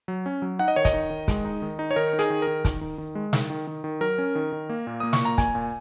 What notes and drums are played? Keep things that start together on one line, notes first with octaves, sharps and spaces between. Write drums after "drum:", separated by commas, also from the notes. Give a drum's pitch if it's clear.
F#3
C#4
F#3
D#4 F#5
D#5
D#3 C#5
D#5, drum: kick, hi-hat
D#4
D#3
G#3, drum: kick, hi-hat
D#4
D#3
D#4
C#5
D#3 A#4
D#4
G#4, drum: hi-hat
D#3
A#4
D#3
D#3, drum: kick, hi-hat
D#3
D#3
G#3
D#3, drum: snare
D#3
D#3
D#3
F#3 A#4
C#4
D#3
D#3
A#3
A#2
A#3 D#6
C#6, drum: snare
A#2 A#5
A#2 G#5, drum: kick, hi-hat
A#2